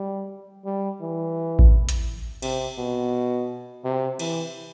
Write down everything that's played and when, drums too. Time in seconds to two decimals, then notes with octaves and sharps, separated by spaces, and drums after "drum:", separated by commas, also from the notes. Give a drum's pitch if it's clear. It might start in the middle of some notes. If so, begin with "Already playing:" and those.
Already playing: G3
0.65 G3
1.01 E3
1.59 drum: kick A1
1.89 drum: hi-hat
2.42 C3, drum: cymbal
2.78 B2
3.84 C3
4.19 E3, drum: cymbal